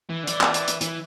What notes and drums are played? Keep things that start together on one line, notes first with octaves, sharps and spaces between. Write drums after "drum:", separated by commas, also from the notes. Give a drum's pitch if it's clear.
E3
D3
E3 D5, drum: hi-hat
drum: clap
drum: hi-hat
drum: hi-hat
E3, drum: hi-hat